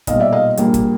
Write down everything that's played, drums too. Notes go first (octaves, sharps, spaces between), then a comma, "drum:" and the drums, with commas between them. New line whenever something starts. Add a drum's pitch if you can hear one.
B1 A#2 G3 D#5 F5, drum: kick, hi-hat
D5 E5
D#5 F5
A#1 A#2 G3 A#3, drum: hi-hat
drum: kick, hi-hat